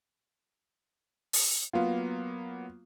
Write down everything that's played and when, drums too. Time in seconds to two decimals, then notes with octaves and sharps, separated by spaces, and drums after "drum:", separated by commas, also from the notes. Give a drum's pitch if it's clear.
1.33 drum: open hi-hat
1.73 F#3 A#3 B3 F4